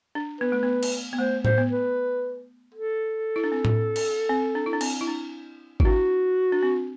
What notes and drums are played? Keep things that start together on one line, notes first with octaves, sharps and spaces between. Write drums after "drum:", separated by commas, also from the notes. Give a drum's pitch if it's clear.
D4
B3 B4
A3
B3
drum: cymbal
B3
A3 C5
C5, drum: tom A2
B3
B4
A4
E4
D4
C4
drum: tom A2
drum: cymbal
C4
D4
E4
D4
C4, drum: cymbal
E4
D4
E4, drum: kick G#1
D4 F#4
D4
C4